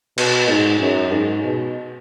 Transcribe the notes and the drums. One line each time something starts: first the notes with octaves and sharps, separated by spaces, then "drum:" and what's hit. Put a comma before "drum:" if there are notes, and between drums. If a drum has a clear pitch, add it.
B2, drum: cymbal
G#2
F#2
G#2
B2